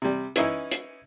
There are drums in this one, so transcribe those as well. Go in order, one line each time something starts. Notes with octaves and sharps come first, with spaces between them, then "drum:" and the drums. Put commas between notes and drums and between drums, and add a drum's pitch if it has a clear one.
C3 G3
E3 C#4 D#4 E4, drum: hi-hat
drum: hi-hat